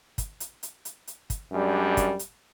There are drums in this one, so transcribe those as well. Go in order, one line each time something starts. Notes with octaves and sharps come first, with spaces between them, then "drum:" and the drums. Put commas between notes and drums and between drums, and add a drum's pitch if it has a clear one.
drum: kick, hi-hat
drum: hi-hat
drum: hi-hat
drum: hi-hat
drum: hi-hat
drum: kick, hi-hat
F#2 G3 G#3 D4
drum: kick, hi-hat
drum: hi-hat